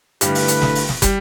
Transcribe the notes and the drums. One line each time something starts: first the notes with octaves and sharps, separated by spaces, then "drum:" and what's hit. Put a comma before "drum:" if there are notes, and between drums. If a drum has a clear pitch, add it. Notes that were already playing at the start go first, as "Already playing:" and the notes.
G2 D3 G3 A3 E4 B4, drum: hi-hat
drum: open hi-hat
drum: hi-hat
drum: snare
drum: open hi-hat
drum: snare
G3, drum: kick, hi-hat